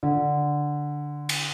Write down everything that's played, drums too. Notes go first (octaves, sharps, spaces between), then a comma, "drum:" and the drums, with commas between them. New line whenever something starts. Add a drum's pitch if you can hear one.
D3
drum: cymbal